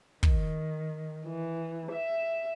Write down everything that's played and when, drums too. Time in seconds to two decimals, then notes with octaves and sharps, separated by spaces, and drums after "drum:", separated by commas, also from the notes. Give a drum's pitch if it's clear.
0.23 D#3, drum: kick
1.26 E3
1.92 E5